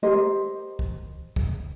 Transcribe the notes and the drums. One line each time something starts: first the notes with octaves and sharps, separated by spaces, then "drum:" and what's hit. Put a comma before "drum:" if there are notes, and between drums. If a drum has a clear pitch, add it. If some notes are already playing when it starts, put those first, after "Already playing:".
G4 A#4 C5 D#5
drum: kick
drum: kick